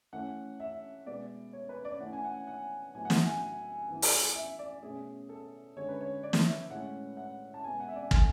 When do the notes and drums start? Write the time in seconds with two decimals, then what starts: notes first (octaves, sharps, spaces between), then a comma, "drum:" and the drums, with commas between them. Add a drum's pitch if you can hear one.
0.13 E3 A3 C#4 F#5
0.60 E5
1.06 B2 G#3 B3 D5
1.53 C#5
1.69 B4
1.85 D5
2.00 E3 A3 C#4 F#5
2.13 G#5
2.24 F#5
2.47 F#5
2.95 A2 F#3 B3 G#5
3.05 F#5
3.10 E5, drum: snare
3.26 G#5
3.88 E3 B3
4.02 drum: open hi-hat
4.35 E5
4.59 D5
4.82 B2 A3 C#4 G#4
5.29 A4
5.76 D3 G#3 C#4 C#5
5.89 B4
6.01 C#5
6.23 D5
6.33 drum: snare
6.47 E5
6.70 A2 G#3 C#4 F#5
7.17 F#5
7.54 A5
7.64 B2 G#3 B3 G#5
7.80 F#5
7.88 E5
7.96 D5
8.11 A4, drum: kick